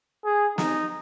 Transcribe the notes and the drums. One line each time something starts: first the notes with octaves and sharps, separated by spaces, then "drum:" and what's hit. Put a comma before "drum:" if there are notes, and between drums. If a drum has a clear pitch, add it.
G#4
D#4, drum: snare